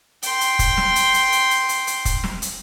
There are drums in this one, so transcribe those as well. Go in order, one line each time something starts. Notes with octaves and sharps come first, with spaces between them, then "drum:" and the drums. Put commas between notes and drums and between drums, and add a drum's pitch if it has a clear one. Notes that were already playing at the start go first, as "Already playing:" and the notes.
G5 C6, drum: hi-hat
drum: hi-hat
drum: kick, hi-hat
drum: snare
drum: hi-hat
drum: hi-hat
drum: hi-hat
drum: hi-hat
drum: hi-hat
drum: hi-hat
drum: kick, hi-hat
drum: snare
drum: hi-hat